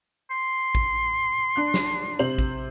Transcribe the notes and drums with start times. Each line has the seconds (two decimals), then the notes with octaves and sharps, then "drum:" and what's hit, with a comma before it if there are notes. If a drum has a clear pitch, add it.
0.31 C6
0.75 drum: kick A1
1.56 D4 F#6
1.74 drum: snare
2.19 C3 C5 F#7
2.38 drum: kick A1